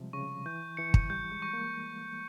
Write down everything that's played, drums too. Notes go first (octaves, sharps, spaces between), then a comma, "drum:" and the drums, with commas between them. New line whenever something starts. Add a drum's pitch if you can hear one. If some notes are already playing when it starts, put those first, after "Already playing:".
Already playing: C3 F3 G3 G#3
C#3 C#6
E3 G6
E3 C#7
drum: kick
G3 G6
G#3
C#6
A#3